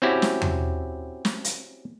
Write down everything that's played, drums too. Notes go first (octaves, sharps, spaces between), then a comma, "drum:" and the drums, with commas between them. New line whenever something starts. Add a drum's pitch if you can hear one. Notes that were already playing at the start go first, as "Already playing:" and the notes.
C4 C#4 E4 F#4 G4
drum: snare
drum: tom E2
drum: snare
drum: hi-hat